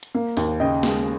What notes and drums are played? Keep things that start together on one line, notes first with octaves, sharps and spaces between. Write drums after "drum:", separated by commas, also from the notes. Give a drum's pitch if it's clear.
drum: hi-hat
A#3
D#2, drum: open hi-hat
C#3 D#5 G5
G#3, drum: snare